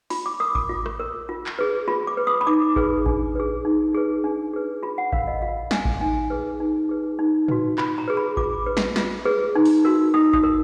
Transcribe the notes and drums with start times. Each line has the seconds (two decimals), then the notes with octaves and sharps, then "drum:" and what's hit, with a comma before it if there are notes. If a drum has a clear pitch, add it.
0.10 F4 B5, drum: open hi-hat
0.26 D6
0.40 A#4 D#6
0.55 D6, drum: kick A1
0.69 F4
0.86 drum: rim click
1.00 A#4
1.29 F4
1.46 drum: clap
1.59 G#4 B4
1.88 F4 B5
2.07 D6
2.17 B4
2.27 D#6
2.41 B5
2.47 D#4 D6
2.76 G#4 B4, drum: kick A1
3.06 D4, drum: kick A1
3.35 G#4 B4
3.65 D#4
3.95 G#4 B4
4.24 D4
4.53 G#4 B4
4.83 F4 B5
4.98 F#5
5.12 A#4 F5, drum: kick A1
5.27 D#5
5.42 F4 F5
5.71 A#4 G#5, drum: snare
5.85 drum: kick A1
6.01 D#4 G#5
6.30 G#4 B4
6.60 D#4
6.89 G#4 B4
7.19 D#4
7.48 F#4 B4, drum: tom
7.78 F4 B5, drum: clap
7.98 A#5
8.08 G#4 B4
8.17 B5
8.37 F4 D6, drum: kick A1
8.66 B4
8.77 drum: snare
8.96 F4, drum: snare
9.25 G#4 B4
9.55 D#4
9.65 drum: open hi-hat
9.85 F#4 A#4
10.14 D#4 D#6
10.33 D#6, drum: kick A1
10.43 A#4